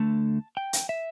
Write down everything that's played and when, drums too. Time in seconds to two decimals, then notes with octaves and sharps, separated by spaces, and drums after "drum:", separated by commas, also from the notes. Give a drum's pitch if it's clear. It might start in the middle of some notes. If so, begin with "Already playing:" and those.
Already playing: D2 D3 A3 A5
0.57 G5
0.73 drum: hi-hat
0.89 E5